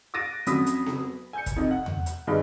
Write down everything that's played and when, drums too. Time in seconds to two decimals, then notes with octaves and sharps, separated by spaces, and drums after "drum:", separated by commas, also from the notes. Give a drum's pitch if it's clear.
0.14 D6 F#6 A6 A#6 D7 D#7
0.46 F2 F#3 C#4 B5 D#6 B6, drum: hi-hat
0.66 drum: hi-hat
0.86 drum: snare B3
1.33 G#5 G6 C#7
1.46 drum: kick, hi-hat
1.56 F2 C3 D#4
1.71 F#5
1.86 drum: tom E2
2.06 drum: hi-hat
2.27 G2 E3 D#4 G#4 D#5 B5